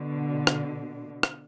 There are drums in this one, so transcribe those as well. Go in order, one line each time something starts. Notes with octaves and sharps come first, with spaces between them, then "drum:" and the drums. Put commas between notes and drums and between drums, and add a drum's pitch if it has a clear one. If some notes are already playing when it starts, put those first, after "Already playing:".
Already playing: B2 D3
drum: rim click
drum: rim click